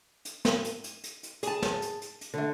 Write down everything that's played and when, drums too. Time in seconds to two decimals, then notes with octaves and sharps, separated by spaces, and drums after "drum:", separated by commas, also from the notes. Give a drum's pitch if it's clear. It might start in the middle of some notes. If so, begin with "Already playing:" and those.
0.25 drum: hi-hat
0.45 drum: snare
0.64 drum: hi-hat
0.84 drum: hi-hat
1.04 drum: hi-hat
1.23 drum: hi-hat
1.43 G#4 A5, drum: hi-hat
1.62 drum: snare
1.82 drum: hi-hat
2.02 drum: hi-hat
2.21 drum: hi-hat
2.34 D3 A3